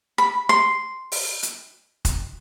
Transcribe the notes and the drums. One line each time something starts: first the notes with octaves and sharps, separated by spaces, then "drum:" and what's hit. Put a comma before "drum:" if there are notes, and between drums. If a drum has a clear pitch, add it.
B5
C6
drum: open hi-hat
drum: hi-hat
drum: kick F1, hi-hat